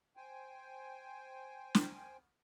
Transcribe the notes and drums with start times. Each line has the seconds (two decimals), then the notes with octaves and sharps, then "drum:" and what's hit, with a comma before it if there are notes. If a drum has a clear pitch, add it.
0.16 C5 G5 G#5
1.75 drum: snare